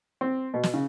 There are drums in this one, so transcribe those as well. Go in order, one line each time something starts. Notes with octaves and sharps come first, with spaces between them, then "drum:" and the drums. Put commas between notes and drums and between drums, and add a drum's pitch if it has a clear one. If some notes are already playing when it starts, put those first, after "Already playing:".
C4
B2
drum: snare
C#3